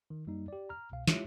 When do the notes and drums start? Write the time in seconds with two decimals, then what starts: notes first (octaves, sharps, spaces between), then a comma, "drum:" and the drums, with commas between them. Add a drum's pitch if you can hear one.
0.10 D#3
0.27 F#2 G3 A#3 D#4
0.48 G4 D5
0.69 A#5 F6
0.92 C2 B2 F5
1.08 G#3 E4 F4 G4 C#5 E5, drum: snare